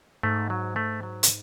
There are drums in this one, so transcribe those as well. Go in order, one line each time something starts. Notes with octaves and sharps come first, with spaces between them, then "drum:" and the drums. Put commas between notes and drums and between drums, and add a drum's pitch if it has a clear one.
G#2 A3
F#3
A3
F#3
drum: hi-hat